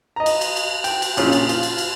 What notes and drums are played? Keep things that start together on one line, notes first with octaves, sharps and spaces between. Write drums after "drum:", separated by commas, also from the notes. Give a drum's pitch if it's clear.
D#5 A#5
drum: cymbal
drum: cymbal
drum: cymbal
G5, drum: cymbal
drum: cymbal
A#1 C#3 C#4 F4, drum: cymbal
drum: cymbal
F4, drum: cymbal
drum: cymbal
drum: cymbal